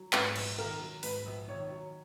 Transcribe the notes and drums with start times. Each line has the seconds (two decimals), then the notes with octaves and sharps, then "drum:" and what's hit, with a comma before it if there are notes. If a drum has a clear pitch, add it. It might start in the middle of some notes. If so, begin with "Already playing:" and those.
Already playing: F#3
0.13 G#2 B4, drum: clap
0.36 A#1, drum: cymbal
0.58 D#3 A#4
0.81 F#3
1.03 G#2 B4, drum: open hi-hat
1.26 A#1
1.48 D#3 C#5
1.71 F#3